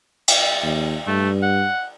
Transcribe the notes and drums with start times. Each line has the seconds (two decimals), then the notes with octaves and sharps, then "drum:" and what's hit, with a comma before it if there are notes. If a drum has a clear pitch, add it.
0.28 drum: cymbal
0.63 D#2
1.07 G2 A3
1.43 F#5